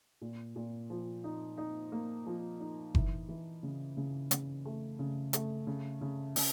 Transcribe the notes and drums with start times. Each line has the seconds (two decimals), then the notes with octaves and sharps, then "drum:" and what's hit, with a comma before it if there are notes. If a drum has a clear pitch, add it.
0.21 A#2
0.56 A#2
0.90 F3
1.24 D#4
1.58 D#4
1.92 A#3
2.27 F3
2.60 D#4
2.95 E3, drum: kick F#1
3.29 E3
3.63 C#3
3.97 C#3
4.31 C#3, drum: hi-hat
4.65 A3
4.99 C#3
5.33 A3, drum: hi-hat
5.67 C#3
6.01 C#3
6.36 C#3, drum: open hi-hat